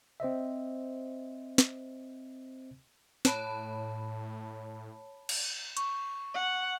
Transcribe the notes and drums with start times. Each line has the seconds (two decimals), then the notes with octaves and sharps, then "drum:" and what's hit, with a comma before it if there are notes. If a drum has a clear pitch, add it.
0.20 C4 C5 D#5 E5
1.58 drum: snare
3.25 A2 C#5 A5 B5, drum: snare
5.29 drum: cymbal
5.77 C#6, drum: hi-hat
6.34 F#5